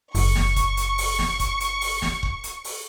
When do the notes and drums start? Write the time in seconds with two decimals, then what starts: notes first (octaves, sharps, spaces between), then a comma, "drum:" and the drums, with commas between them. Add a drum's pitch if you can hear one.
0.15 F#1 C#6, drum: open hi-hat
0.36 drum: snare
0.56 drum: kick, hi-hat
0.77 drum: hi-hat
0.98 drum: open hi-hat
1.19 drum: snare
1.40 drum: kick, hi-hat
1.60 drum: hi-hat
1.81 drum: open hi-hat
2.02 drum: snare
2.23 drum: kick
2.44 drum: hi-hat
2.64 drum: open hi-hat